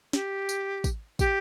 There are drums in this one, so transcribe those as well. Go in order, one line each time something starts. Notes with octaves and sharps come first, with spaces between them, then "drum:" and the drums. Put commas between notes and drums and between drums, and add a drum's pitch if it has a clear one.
G4, drum: snare
drum: tambourine
drum: kick, tambourine
G4, drum: kick, tambourine